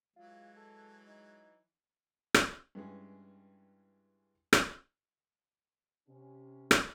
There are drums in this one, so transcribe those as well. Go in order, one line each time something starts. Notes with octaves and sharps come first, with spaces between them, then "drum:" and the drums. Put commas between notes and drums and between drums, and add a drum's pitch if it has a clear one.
E3 F#3 G#3 F4
A4
D#4
drum: rim click
G2 E3 G#3 C#4
drum: rim click
C3 C#4
drum: rim click